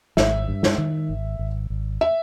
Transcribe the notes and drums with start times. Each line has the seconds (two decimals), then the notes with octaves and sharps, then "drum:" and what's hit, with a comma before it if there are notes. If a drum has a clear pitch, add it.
0.17 G#1 E5, drum: snare
0.48 G2
0.63 drum: snare
0.78 D#3
1.09 G#1
1.39 G#1
1.70 G#1
2.01 E5